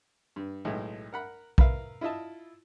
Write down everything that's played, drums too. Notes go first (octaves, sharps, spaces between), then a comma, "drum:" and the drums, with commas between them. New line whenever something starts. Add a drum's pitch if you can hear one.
G2
B1 A2 G#3
A#4 F#5 B5
A#4 B4 E5 F5, drum: kick B1
E4 F4 D#5 E5 A5